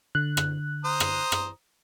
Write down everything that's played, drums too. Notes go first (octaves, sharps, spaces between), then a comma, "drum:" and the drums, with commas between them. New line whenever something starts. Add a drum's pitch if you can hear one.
D3 F#6
drum: rim click
C5 A#5 D#6
drum: rim click
drum: rim click